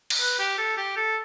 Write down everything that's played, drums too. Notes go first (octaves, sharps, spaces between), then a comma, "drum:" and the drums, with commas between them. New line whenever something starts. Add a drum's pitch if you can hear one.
drum: cymbal
B4
G4
A4
G4
A4